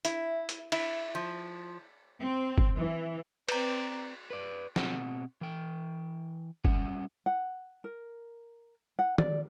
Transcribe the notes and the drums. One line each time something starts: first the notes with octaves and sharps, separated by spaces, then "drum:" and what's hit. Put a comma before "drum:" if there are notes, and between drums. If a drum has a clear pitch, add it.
E4, drum: hi-hat
drum: hi-hat
E4, drum: cymbal
F3
C4
drum: kick
E3
C4 B4 D5 A#5, drum: cymbal
B4 D5
B2 C4 F#5, drum: snare
E3 G5
G3 C#4 F#5, drum: kick
F#5
A#4
F#5
D5, drum: tom D#3